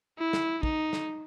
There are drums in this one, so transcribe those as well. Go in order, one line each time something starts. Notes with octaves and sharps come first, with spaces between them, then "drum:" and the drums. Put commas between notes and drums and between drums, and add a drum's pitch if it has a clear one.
E4
drum: snare
D#4, drum: kick
drum: snare